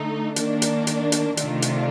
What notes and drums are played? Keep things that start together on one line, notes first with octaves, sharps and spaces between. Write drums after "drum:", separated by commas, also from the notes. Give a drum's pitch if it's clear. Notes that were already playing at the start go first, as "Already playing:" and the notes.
Already playing: D3 A3 D#4
D#3 A#3 D4, drum: hi-hat
drum: hi-hat
drum: hi-hat
drum: hi-hat
C3 D#3 A3 D4 F4, drum: hi-hat
drum: hi-hat